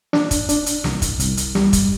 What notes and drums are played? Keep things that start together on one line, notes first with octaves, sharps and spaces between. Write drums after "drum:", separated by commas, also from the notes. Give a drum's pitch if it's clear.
D4, drum: snare
drum: kick, hi-hat
D4, drum: hi-hat
drum: hi-hat
C2, drum: snare
drum: kick, hi-hat
C2, drum: hi-hat
drum: hi-hat
G3, drum: snare
drum: kick, hi-hat